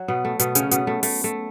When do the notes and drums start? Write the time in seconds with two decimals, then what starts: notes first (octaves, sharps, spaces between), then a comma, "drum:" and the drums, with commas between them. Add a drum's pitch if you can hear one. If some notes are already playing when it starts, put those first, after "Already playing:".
Already playing: F#3 F#4
0.08 B2 B3
0.25 A3
0.39 B2 B3, drum: hi-hat
0.55 C#3 C#4, drum: hi-hat
0.71 B2 B3, drum: hi-hat
0.87 A3
1.03 A3, drum: open hi-hat
1.24 A3